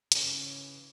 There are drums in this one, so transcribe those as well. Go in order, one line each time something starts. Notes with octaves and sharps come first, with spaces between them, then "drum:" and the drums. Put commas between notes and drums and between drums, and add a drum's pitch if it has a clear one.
C#3 E3 C#4, drum: hi-hat